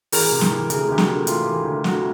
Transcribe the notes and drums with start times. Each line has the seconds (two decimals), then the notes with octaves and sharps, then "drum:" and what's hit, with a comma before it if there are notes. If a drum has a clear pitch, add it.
0.12 E3 G#4 A#4, drum: open hi-hat
0.32 C3
0.41 drum: snare
0.51 E3
0.70 D2 G#4 A#4, drum: hi-hat
0.89 D2 G4
0.98 F#4, drum: snare
1.08 A3
1.27 E3 F4 G4, drum: hi-hat
1.46 E3
1.65 D2
1.84 A3 F#4, drum: snare